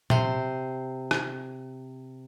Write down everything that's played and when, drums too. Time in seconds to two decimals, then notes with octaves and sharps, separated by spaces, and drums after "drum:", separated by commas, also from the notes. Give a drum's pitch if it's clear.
0.10 C3 C5, drum: tom A#2
1.11 drum: rim click